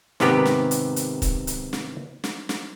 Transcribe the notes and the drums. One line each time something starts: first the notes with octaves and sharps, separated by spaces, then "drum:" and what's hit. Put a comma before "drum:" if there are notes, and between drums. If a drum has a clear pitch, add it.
G#2 C3 D#3 B3 G4, drum: snare
drum: snare
drum: hi-hat
drum: hi-hat
drum: kick, hi-hat
drum: hi-hat
drum: snare
drum: snare
drum: snare